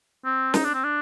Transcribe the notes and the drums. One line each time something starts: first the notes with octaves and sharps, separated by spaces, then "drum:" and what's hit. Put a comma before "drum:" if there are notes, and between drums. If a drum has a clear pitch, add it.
C4
D#4, drum: snare
D4
C4
D4